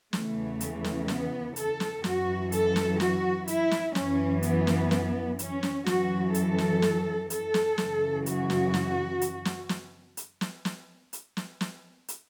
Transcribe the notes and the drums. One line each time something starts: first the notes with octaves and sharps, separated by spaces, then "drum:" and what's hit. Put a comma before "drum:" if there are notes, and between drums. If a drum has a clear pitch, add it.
E2 C#3 E3 A3, drum: snare
drum: hi-hat
drum: snare
B3, drum: snare
A4, drum: hi-hat
drum: snare
F#2 E3 F#4, drum: snare
A4, drum: hi-hat
drum: snare
F#4, drum: snare
E4, drum: hi-hat
drum: snare
F#2 E3 C#4, drum: snare
B3, drum: hi-hat
drum: snare
drum: snare
C#4, drum: hi-hat
drum: snare
F#2 E3 F#4, drum: snare
A4, drum: hi-hat
drum: snare
drum: snare
A4, drum: hi-hat
drum: snare
F#2 C#3 E3, drum: snare
F#4, drum: hi-hat
drum: snare
drum: snare
drum: hi-hat
drum: snare
drum: snare
drum: hi-hat
drum: snare
drum: snare
drum: hi-hat
drum: snare
drum: snare
drum: hi-hat